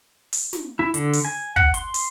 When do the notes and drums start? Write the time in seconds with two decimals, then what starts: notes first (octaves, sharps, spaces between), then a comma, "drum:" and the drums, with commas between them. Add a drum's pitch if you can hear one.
0.33 drum: open hi-hat
0.53 drum: snare
0.79 E4
0.94 D3, drum: hi-hat
1.13 drum: open hi-hat
1.25 G#5
1.56 F#5, drum: kick
1.74 C6, drum: hi-hat
1.94 drum: open hi-hat